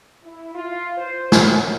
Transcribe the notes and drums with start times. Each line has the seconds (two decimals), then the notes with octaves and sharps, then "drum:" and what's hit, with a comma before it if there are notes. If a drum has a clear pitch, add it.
0.24 E4
0.55 F4
0.98 C5
1.32 F#2, drum: snare